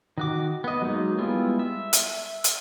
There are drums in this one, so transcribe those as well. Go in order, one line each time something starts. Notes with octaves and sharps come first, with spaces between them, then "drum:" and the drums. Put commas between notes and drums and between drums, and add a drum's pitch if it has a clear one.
D#3 F#4 D6
B3 D#5
F#3 G#3 A#3 D#4
G3 G#3 B3 E4 F4
E5
drum: hi-hat
drum: hi-hat